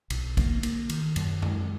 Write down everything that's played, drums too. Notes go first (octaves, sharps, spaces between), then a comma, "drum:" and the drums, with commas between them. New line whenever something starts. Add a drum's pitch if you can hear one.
B1, drum: cymbal
A#3, drum: kick, cymbal
A#3, drum: cymbal
D#3, drum: cymbal
F#2, drum: cymbal
G#3, drum: tom F#2